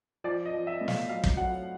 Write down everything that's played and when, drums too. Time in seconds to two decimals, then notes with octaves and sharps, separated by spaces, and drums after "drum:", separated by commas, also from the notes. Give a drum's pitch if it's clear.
0.24 F3 D5
0.46 D#5
0.53 F3
0.67 E5
0.81 A2
0.88 F5, drum: snare
1.09 F#3 F5
1.24 drum: kick
1.37 F#3 F#5